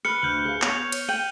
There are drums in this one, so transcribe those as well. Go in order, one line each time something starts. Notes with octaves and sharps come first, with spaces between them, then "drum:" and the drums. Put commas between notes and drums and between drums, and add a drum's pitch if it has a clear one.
B4 F6 C#7
D2 F6 G6 F#7
G#4 F5
B3 C#5 F7, drum: clap
drum: cymbal
G5 D#7 F#7